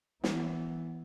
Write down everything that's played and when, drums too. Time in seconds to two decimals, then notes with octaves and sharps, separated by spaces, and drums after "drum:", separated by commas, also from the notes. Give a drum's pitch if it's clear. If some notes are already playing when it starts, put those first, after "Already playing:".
0.24 E3 B3, drum: snare